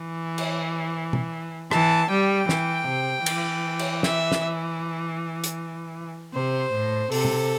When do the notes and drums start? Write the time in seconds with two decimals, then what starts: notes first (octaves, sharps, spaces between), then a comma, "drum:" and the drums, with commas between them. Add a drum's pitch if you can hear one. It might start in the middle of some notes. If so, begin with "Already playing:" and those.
Already playing: E3
0.38 drum: cymbal
1.13 drum: tom B2
1.71 E3 A5, drum: rim click
2.10 G3 G5
2.49 E3, drum: snare
2.88 C3
3.26 E3, drum: cymbal
3.79 drum: cymbal
4.03 E5, drum: snare
4.32 drum: snare
5.44 drum: hi-hat
6.34 C3 C5
6.74 A2
7.12 C3 A4, drum: open hi-hat
7.25 drum: tom B2